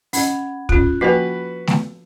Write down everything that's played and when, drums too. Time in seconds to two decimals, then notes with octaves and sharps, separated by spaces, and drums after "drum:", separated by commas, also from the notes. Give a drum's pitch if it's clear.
0.13 C#4 D#5 F#5 B5 G#6, drum: open hi-hat
0.69 C#4 F4 F#6, drum: kick
1.01 F3 A#3 F#4 B4 G5 B6
1.67 drum: snare A3